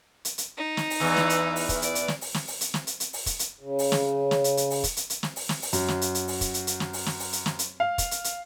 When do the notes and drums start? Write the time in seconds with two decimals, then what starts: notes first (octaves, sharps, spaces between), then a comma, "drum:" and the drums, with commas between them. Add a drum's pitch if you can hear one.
0.25 drum: hi-hat
0.38 drum: hi-hat
0.57 D#4
0.77 drum: snare
0.90 drum: open hi-hat
1.00 E2 E3
1.16 drum: snare
1.30 drum: hi-hat
1.56 drum: open hi-hat
1.69 drum: kick, hi-hat
1.82 D5, drum: hi-hat
1.95 drum: hi-hat
2.08 drum: snare
2.21 drum: open hi-hat
2.34 drum: snare
2.48 drum: open hi-hat
2.61 drum: hi-hat
2.74 drum: snare
2.87 drum: hi-hat
3.00 drum: hi-hat
3.13 drum: open hi-hat
3.26 drum: kick, hi-hat
3.39 drum: hi-hat
3.61 C#3
3.79 drum: open hi-hat
3.92 drum: snare
4.31 drum: snare
4.44 drum: hi-hat
4.57 drum: hi-hat
4.70 drum: open hi-hat
4.84 drum: kick, hi-hat
4.97 drum: hi-hat
5.10 drum: hi-hat
5.23 drum: snare
5.36 drum: open hi-hat
5.49 drum: snare
5.62 drum: open hi-hat
5.73 F#2, drum: hi-hat
5.88 drum: snare
6.01 drum: hi-hat
6.15 drum: hi-hat
6.28 drum: open hi-hat
6.41 drum: kick, hi-hat
6.54 drum: hi-hat
6.67 drum: hi-hat
6.80 drum: snare
6.93 drum: open hi-hat
7.06 drum: snare
7.19 drum: open hi-hat
7.33 drum: hi-hat
7.46 drum: snare
7.59 drum: hi-hat
7.80 F5
7.98 drum: kick, hi-hat
8.11 drum: hi-hat
8.24 drum: hi-hat